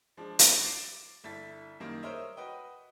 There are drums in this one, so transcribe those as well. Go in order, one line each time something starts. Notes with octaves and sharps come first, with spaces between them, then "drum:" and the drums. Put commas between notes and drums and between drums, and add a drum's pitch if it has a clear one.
F3 G#3 D4
drum: hi-hat
D6 A6 C7 D7 E7
G1 E4 A4 A6 B6
F#2 D#3 G3 A#3 D#4
A#4 C5 C#5 D#5 E5
F#4 B4 D#5 G5